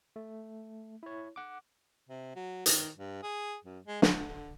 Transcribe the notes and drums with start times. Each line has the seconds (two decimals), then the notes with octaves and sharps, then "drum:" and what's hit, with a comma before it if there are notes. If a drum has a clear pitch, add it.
0.16 A3
1.03 E4 C#5
1.36 F#5 D6
2.09 C3
2.35 F#3
2.66 D#3, drum: hi-hat
2.97 G2
3.23 G#4
3.64 F#2
3.87 G#3
4.02 D3, drum: snare